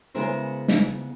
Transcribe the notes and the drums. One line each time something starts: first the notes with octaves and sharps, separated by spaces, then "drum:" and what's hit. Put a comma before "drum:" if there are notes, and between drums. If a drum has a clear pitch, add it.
C#3 G#3 B3 E4 A#4 C5
drum: snare